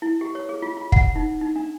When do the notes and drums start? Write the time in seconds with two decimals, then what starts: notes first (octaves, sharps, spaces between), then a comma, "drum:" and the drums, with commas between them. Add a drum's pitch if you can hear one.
0.02 E4
0.21 G4
0.35 C#5
0.49 G#4
0.62 F4
0.77 F4
0.92 F#5, drum: kick
1.16 D#4
1.41 D#4
1.56 D4